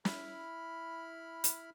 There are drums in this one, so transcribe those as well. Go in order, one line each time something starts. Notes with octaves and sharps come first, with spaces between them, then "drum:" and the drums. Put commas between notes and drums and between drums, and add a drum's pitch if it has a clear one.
E4 B5 F6, drum: snare
drum: hi-hat